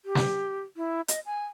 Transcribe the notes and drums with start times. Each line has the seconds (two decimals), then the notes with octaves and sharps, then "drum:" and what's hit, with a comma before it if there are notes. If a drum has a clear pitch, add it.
0.05 G4
0.15 drum: snare
0.77 E4
1.08 D#5, drum: hi-hat
1.26 G#5